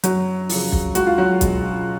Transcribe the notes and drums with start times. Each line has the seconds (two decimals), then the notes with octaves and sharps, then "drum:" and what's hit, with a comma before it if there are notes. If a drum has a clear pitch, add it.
0.04 F#2 F#3 F#4, drum: hi-hat
0.49 C#3 F3, drum: open hi-hat
0.72 drum: kick
0.95 C#2 F#4, drum: hi-hat
1.07 F4
1.18 F#3 F#4
1.41 B2 G#3, drum: kick, hi-hat